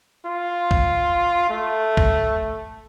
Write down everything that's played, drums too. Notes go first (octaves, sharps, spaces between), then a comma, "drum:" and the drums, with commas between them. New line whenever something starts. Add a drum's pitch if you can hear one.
F4
drum: kick
A3
drum: kick